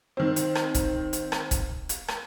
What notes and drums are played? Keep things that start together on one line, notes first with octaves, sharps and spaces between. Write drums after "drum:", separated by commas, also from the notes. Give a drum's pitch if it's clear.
D#3 C4
drum: hi-hat
drum: rim click
drum: kick, hi-hat
drum: hi-hat
drum: rim click
drum: kick, hi-hat
drum: hi-hat
drum: rim click